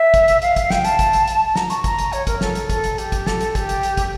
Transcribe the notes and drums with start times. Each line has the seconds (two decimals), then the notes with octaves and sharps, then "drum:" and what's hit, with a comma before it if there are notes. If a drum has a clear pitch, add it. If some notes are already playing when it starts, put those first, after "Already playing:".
Already playing: E5
0.14 drum: kick, hi-hat
0.28 drum: hi-hat
0.42 F5, drum: hi-hat
0.56 drum: kick, hi-hat
0.70 G5, drum: snare
0.85 A5, drum: hi-hat
0.99 drum: kick, hi-hat
1.13 drum: hi-hat
1.27 drum: hi-hat
1.45 A5
1.56 A#5, drum: snare
1.70 C#6, drum: hi-hat
1.84 A#5, drum: kick, hi-hat
1.98 drum: hi-hat
2.13 C#5, drum: hi-hat
2.27 A#4, drum: kick, hi-hat
2.41 A4, drum: snare
2.55 drum: hi-hat
2.69 A4, drum: kick, hi-hat
2.84 drum: hi-hat
2.98 G4, drum: hi-hat
3.12 drum: kick, hi-hat
3.26 A4, drum: snare
3.41 drum: hi-hat
3.55 G4, drum: kick, hi-hat
3.69 drum: hi-hat
3.83 drum: hi-hat
3.97 drum: kick, hi-hat